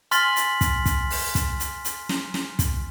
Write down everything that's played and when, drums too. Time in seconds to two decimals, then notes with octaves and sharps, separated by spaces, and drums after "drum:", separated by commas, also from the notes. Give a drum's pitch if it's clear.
0.11 G#5 C6 F6 A6 B6 F#7, drum: hi-hat
0.36 drum: hi-hat
0.61 drum: kick, hi-hat
0.86 drum: kick, hi-hat
1.10 drum: open hi-hat
1.35 drum: kick, hi-hat
1.60 drum: hi-hat
1.85 drum: hi-hat
2.09 drum: snare
2.34 drum: snare
2.59 drum: kick, hi-hat